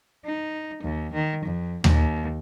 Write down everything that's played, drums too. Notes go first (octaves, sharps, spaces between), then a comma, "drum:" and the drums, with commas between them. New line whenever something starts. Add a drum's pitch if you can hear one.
D#4
D#2
D#3
F2
D#2, drum: tom D#2